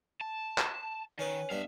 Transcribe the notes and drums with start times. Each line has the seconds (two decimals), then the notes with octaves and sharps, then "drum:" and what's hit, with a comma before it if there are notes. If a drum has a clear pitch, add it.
0.21 A5
0.58 drum: clap
1.19 D#3 C#4 B4
1.51 G2 B3 E5 F5